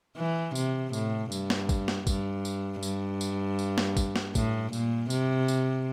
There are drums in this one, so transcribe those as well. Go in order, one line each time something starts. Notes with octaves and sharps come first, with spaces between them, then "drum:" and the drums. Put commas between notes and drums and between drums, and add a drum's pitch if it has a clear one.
E3
C3, drum: tambourine
A2, drum: tambourine
G2, drum: tambourine
drum: snare
drum: kick, tambourine
drum: snare
G2, drum: kick, tambourine
drum: tambourine
G2, drum: tambourine
drum: tambourine
drum: tambourine
drum: snare
drum: kick, tambourine
drum: snare
A2, drum: kick, tambourine
A#2, drum: tambourine
C3, drum: tambourine
drum: tambourine